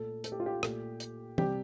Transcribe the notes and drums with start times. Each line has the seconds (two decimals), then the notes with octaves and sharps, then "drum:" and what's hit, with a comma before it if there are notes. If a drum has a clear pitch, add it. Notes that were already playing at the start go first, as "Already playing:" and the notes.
Already playing: A#2 A3 A4
0.24 A4, drum: hi-hat
0.32 G4
0.40 F4
0.46 G4
0.63 A#2 A3, drum: rim click
1.00 drum: hi-hat
1.38 C3 G3 G4, drum: tom